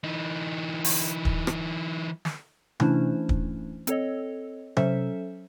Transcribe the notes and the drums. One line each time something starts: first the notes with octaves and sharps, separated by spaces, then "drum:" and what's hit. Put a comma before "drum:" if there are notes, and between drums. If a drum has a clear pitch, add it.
E3 D#4
drum: open hi-hat
drum: kick
drum: rim click
drum: snare
E3 A3 C#4 D4 E4 C5, drum: tom C3
drum: kick
C4 A4 C#5 D#5, drum: hi-hat
F#3 C#4 A4 C5 E5, drum: tom C3